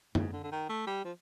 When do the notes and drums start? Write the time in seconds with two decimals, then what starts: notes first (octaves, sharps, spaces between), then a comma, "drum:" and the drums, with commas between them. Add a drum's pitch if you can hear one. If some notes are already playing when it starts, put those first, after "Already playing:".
0.15 G#2, drum: tom
0.33 D3
0.43 D3
0.52 D#3
0.70 A3
0.87 G3
1.05 F3